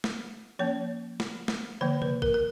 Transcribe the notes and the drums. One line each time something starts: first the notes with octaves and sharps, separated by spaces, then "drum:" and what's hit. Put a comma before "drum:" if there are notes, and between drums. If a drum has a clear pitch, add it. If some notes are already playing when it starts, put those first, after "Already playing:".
drum: snare
F3 A#3 C#4 C#5
drum: snare
drum: snare
D3 F3 A#3 C5
B4, drum: tom C3
A#4, drum: kick A1
A#4